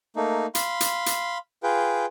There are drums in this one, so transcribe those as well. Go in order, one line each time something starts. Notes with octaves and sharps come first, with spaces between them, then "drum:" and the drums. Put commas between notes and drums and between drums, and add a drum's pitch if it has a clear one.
A3 A#3 D#4
F5 B5 C6, drum: hi-hat
drum: hi-hat
drum: hi-hat
F4 G#4 B4 G5